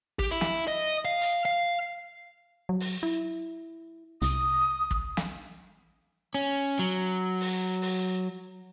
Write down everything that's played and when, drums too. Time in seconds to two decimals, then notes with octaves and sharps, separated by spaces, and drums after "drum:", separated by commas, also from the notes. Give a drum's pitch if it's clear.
0.19 G4, drum: kick
0.31 E4
0.41 drum: snare
0.68 D#5
1.05 F5
1.21 drum: hi-hat
1.45 F5
2.69 F#3
2.80 drum: open hi-hat
3.03 E4
4.22 C2 D#6, drum: hi-hat
4.91 drum: kick
5.17 drum: snare
6.34 C#4
6.79 F#3
7.41 drum: open hi-hat
7.82 drum: open hi-hat